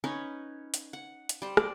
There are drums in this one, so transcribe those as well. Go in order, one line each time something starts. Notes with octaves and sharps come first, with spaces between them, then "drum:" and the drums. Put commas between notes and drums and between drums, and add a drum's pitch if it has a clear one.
C#4 D#4 B4 C#5
drum: hi-hat
F#5
drum: hi-hat
G3 C5
D5, drum: rim click